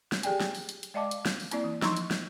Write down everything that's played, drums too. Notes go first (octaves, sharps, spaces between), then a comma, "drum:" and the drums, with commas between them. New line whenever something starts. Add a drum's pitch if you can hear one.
drum: snare
G4 G#4 D5 G5 G#5, drum: hi-hat
drum: snare
drum: open hi-hat
drum: hi-hat
drum: hi-hat
G#3 D5 D#5 F5 A5 D6
drum: hi-hat
drum: snare
drum: open hi-hat
A#3 C4 E4 D5, drum: hi-hat
E3
F3 D#4 A#5 C6 C#6, drum: snare
drum: hi-hat
drum: snare